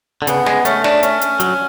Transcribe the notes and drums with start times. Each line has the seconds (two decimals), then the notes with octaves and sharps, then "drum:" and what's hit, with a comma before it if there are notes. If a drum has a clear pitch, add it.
0.22 D3
0.27 C#3 B3, drum: hi-hat
0.46 G#3, drum: snare
0.65 A3 C#4, drum: hi-hat
0.84 D4, drum: snare
1.03 C#4, drum: hi-hat
1.21 drum: hi-hat
1.40 F#3, drum: hi-hat